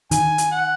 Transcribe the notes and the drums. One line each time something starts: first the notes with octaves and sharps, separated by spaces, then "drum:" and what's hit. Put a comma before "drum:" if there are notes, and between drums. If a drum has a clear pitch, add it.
D#3 G#5, drum: hi-hat
drum: hi-hat
F#5